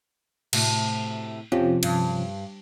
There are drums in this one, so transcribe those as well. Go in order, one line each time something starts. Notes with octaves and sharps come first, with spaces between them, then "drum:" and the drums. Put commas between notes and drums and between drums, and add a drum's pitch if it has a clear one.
A2 C3 F#4, drum: cymbal
F2 C3 F3 C#4 G4
G2, drum: cymbal